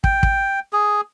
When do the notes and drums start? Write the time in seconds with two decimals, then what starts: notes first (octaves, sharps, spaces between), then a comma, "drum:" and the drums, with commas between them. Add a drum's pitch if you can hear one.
0.04 G5, drum: kick
0.23 drum: kick
0.73 G#4